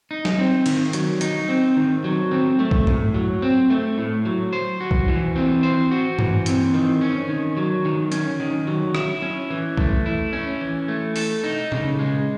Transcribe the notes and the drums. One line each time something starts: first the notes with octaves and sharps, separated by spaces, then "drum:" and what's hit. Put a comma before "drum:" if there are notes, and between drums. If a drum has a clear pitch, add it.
D#4
drum: snare F#3
C4
D#3, drum: cymbal
F#3, drum: hi-hat
D#4, drum: hi-hat
C4
D#3
F#3
C4
A3
drum: kick B1
A2, drum: tom G2
F#3
C4
A3
A2
F#3
C5
F#4
drum: kick B1
E3
C4
C5
F#4
E3, drum: tom G2
C4, drum: hi-hat
D#3
C#4
D#3
F#3
D#3
C#4, drum: hi-hat
D#3
F#3
E4, drum: rim click
C#4
E3
A3, drum: kick B1
E4
C#4
E3
A3
A4, drum: open hi-hat
D#4
C#3, drum: tom A#2
G#3